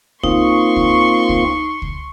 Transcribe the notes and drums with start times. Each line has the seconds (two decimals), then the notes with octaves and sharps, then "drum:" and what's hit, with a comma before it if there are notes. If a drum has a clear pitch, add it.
0.24 A#3 C4 D#4 F4 C6 C#6, drum: kick C#2
0.76 drum: kick C#2
1.29 drum: kick C#2
1.82 drum: kick C#2